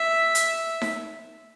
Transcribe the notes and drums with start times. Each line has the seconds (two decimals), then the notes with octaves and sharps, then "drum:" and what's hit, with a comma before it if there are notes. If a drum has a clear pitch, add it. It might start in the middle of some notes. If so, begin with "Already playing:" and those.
Already playing: E5
0.35 drum: hi-hat
0.82 drum: snare D#4